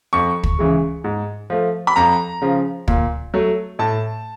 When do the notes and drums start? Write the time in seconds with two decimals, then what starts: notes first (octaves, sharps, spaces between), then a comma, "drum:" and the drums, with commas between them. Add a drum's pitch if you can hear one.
0.13 F2 C#6
0.43 drum: kick
0.59 C#3 E3 G#3
1.04 G#2
1.50 F3 A3
1.87 B5
1.96 F2 A#5
2.42 C#3 F3
2.88 A#2, drum: kick
3.34 F#3 A3
3.79 A2 A5